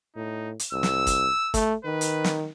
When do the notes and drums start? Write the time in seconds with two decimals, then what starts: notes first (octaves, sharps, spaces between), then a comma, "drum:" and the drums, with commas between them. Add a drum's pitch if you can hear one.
0.16 A2 D#4
0.59 drum: hi-hat
0.73 C2 E6
0.83 drum: snare
1.07 drum: kick, hi-hat
1.54 A3, drum: kick, hi-hat
1.85 D#3 B4
2.01 drum: hi-hat
2.24 drum: snare